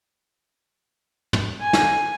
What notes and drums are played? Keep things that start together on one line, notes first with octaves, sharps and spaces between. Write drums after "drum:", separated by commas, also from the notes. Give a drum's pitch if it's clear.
drum: tom
G#5
drum: snare